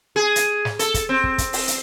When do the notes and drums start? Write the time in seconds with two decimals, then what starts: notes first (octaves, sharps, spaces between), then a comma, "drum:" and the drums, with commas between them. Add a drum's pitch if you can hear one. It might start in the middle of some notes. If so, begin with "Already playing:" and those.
0.16 G#4
0.36 drum: hi-hat
0.65 drum: snare
0.79 A4, drum: hi-hat
0.94 drum: kick, hi-hat
1.09 C4
1.24 drum: kick
1.38 drum: kick, hi-hat
1.53 drum: open hi-hat
1.68 drum: hi-hat